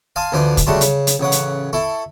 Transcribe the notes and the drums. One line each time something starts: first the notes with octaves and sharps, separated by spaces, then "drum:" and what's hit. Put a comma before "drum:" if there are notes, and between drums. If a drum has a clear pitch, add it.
F5 G#5 A5 C6 D#6
D2 E3 F3 D4 G#5 C6
drum: kick, hi-hat
C#3 G3 A3 F#4 A5 C6
C#3, drum: hi-hat
drum: hi-hat
A1 C#3 C#5 F#5
drum: hi-hat
E4 A4 C#6